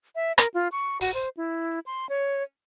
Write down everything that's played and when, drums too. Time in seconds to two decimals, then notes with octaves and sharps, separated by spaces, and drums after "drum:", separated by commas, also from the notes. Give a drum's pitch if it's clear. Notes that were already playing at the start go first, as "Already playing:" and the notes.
0.15 E5
0.38 A#4, drum: rim click
0.54 F4
0.72 C#6
1.01 F#4, drum: open hi-hat
1.14 C5
1.37 E4
1.86 C6
2.09 C#5